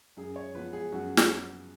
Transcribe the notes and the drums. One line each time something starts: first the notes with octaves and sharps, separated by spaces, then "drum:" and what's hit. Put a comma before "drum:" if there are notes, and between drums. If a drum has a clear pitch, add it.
F#2 G#4
C#5
F3 B3 B4
G#4
F#2 F#4
drum: snare